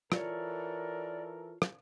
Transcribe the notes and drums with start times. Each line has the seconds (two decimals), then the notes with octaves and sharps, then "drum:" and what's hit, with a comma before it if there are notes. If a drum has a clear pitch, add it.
0.12 E3 F4 A4 A#4 C#5 D5, drum: rim click
1.62 drum: rim click